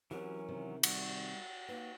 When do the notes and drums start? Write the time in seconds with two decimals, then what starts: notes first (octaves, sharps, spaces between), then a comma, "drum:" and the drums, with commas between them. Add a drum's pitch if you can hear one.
0.11 E3 F#3 C4 C#4 F#4 G4 A#4
0.48 C3 D#3 C4
0.83 G3 F#4, drum: cymbal
1.68 A#3 D#4 B4